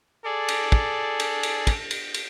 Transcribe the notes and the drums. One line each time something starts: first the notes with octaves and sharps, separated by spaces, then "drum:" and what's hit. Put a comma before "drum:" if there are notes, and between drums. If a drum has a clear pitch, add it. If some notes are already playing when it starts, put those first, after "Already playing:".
G#4 A4 D5
drum: cymbal
drum: kick
drum: cymbal
drum: cymbal
drum: kick, cymbal
drum: cymbal
drum: cymbal